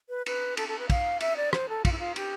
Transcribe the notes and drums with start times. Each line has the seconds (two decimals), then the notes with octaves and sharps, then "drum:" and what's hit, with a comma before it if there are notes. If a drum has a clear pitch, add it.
0.09 B4
0.26 B4, drum: cymbal
0.57 A4, drum: cymbal
0.68 A4
0.79 B4
0.90 F5, drum: kick, cymbal
1.20 E5, drum: cymbal
1.37 D5
1.53 C5, drum: rim click
1.69 A4
1.85 F4, drum: kick, cymbal
1.92 E4
1.99 F4
2.16 G4, drum: cymbal